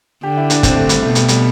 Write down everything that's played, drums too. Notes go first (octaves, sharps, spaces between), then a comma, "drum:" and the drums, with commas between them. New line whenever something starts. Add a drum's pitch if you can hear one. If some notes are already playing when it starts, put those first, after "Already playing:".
D3 G4
E4
D4, drum: hi-hat
C4, drum: kick, hi-hat
A3
G3, drum: hi-hat
B2 A3
G3, drum: hi-hat
G3, drum: hi-hat